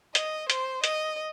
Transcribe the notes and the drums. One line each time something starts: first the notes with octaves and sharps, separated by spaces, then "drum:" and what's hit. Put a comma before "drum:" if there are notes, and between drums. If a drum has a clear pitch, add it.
D#5, drum: hi-hat
C5, drum: hi-hat
D#5, drum: hi-hat